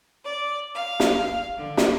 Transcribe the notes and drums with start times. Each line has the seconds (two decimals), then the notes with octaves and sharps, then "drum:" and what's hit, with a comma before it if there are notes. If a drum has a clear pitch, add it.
0.25 D5
0.75 F5
1.00 drum: snare
1.58 D3
1.77 drum: snare